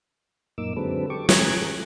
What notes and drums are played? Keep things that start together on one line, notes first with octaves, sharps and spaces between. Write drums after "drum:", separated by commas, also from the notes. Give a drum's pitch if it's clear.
F#2 A#2 A#3 D#4 D6 E6
D3 F#3 G#3 C4 A4 B4
G4 A4 C#6 D6
G#5 A#5 C#6 D6 F#6 G#6, drum: snare
G#4 A4